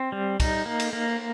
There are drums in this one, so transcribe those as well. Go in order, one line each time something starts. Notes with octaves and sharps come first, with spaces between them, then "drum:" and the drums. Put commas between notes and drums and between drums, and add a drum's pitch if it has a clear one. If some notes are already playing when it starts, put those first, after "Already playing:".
Already playing: C4
G3
D#4, drum: kick, cymbal
A#3
drum: cymbal
A#3